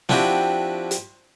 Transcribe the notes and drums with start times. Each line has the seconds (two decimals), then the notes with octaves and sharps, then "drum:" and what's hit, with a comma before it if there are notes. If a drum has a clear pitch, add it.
0.09 F3 C4 D4 E4 F#4 G4, drum: snare
0.91 drum: hi-hat